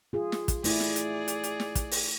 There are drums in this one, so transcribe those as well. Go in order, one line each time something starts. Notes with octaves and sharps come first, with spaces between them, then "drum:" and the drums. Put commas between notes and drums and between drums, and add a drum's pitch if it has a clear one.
F4 G#4
drum: snare
drum: kick, hi-hat
A3 E4 G#4 D5, drum: open hi-hat
drum: snare
drum: hi-hat
drum: hi-hat
drum: hi-hat
drum: snare
drum: kick, hi-hat
drum: open hi-hat